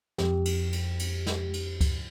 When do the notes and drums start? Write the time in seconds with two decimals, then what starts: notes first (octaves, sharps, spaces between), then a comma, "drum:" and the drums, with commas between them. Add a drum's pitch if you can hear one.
0.18 F2 G4, drum: snare
0.45 drum: cymbal
0.72 drum: cymbal
0.99 drum: cymbal
1.27 drum: snare
1.54 drum: cymbal
1.81 drum: kick C#2, cymbal